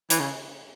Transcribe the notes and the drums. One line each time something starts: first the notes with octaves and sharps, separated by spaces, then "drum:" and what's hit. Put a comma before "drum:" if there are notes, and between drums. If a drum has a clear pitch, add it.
E3, drum: hi-hat
C#3